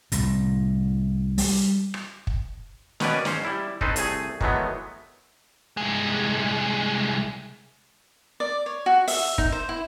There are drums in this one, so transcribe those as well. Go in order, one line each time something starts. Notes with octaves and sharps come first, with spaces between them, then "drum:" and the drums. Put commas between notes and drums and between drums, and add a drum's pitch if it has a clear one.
C2 A2, drum: hi-hat
G3, drum: open hi-hat
drum: rim click
drum: kick
B2 D#3 C#4 B4 D5 G#5, drum: snare
G#2 C#4 C5, drum: snare
G3 E4
C4 C#4 D#4 A4 B4 C5, drum: kick
C2 A3 G#4 G#5, drum: hi-hat
D#3 E3 F#3 G#3 A3 B3, drum: kick
C2 G#3
D5
C#5
F#4
E5, drum: open hi-hat
D#4, drum: kick
C5
E4